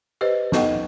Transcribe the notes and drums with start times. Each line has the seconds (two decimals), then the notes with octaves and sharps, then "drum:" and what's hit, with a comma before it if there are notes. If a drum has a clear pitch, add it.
0.21 G4 B4 C5 D#5
0.52 B3 D#4 A4 D#5 F#5 G5, drum: snare